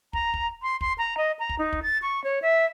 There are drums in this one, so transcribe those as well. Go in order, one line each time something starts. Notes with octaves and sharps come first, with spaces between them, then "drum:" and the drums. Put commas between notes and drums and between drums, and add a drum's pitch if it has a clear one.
A#5, drum: kick
drum: kick
C6
C6, drum: kick
A#5
D#5
A#5
drum: kick
D#4
drum: kick
A6
C#6
C#5
E5